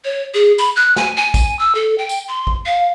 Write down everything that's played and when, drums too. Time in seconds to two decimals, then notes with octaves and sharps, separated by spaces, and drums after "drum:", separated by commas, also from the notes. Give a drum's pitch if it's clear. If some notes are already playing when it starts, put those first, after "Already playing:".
0.05 C#5
0.34 G#4
0.58 B5, drum: tambourine
0.76 F#6
0.96 G#5, drum: snare
1.17 G#5
1.34 drum: kick, tambourine
1.59 E6
1.75 A4
1.98 G5
2.09 drum: tambourine
2.28 C6
2.47 drum: kick
2.66 F5